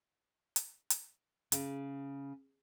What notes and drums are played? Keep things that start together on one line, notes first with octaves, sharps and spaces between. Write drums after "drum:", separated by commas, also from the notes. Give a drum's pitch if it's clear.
drum: hi-hat
drum: hi-hat
C#3, drum: hi-hat